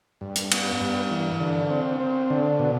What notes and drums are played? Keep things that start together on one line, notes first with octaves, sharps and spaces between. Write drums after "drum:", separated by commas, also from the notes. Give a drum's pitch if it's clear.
G2
drum: hi-hat
B3, drum: cymbal
G2
E3
D3
C4
C4
D3
B2